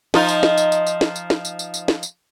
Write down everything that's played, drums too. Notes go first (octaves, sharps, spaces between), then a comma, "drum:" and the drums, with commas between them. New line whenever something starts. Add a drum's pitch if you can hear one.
F3 D#4 F4, drum: snare
drum: tambourine
drum: snare
drum: tambourine
drum: tambourine
drum: tambourine
drum: snare
drum: tambourine
drum: snare
drum: tambourine
drum: tambourine
drum: tambourine
drum: snare
drum: tambourine